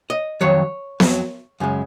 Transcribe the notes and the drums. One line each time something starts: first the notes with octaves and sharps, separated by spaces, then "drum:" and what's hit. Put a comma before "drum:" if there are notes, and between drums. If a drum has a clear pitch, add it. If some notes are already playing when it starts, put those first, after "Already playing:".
D#5
F2 D#3 F#3 C#5
F2 D#3 F#3, drum: snare B3
F#2 C#3 G#3